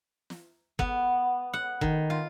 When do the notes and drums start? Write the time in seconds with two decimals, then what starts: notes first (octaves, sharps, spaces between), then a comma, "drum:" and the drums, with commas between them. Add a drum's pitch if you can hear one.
0.30 drum: snare
0.79 B3, drum: kick
1.53 F#5
1.81 D#3, drum: kick
2.10 F4